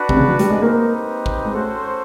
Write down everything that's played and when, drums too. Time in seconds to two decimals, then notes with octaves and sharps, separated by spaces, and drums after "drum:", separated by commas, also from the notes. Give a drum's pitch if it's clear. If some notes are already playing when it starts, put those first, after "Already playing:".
Already playing: D4 F#4 B4
0.09 C3, drum: kick
0.17 C#3
0.28 F#3
0.39 G3, drum: hi-hat
0.50 G#3
0.62 A#3 C4 D#4 G4 B4
1.26 drum: kick
1.45 G#3
1.53 A3 C#4 F#4 A4 C5